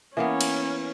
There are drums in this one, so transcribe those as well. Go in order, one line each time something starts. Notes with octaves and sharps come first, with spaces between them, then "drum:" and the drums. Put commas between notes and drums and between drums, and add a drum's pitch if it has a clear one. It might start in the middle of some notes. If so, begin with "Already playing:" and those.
E3 A#3 B3 C#4
drum: cymbal